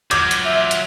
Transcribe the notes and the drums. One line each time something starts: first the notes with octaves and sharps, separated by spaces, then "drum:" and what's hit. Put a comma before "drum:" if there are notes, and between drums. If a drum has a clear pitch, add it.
F#3 F4 D6 G6 G#6, drum: hi-hat
drum: hi-hat
E5
drum: hi-hat